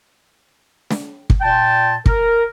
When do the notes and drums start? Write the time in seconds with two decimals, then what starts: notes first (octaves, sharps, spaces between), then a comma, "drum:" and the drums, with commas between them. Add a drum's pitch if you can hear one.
0.91 drum: snare
1.30 drum: kick
1.41 A#2 G5 A5
2.06 A#4, drum: kick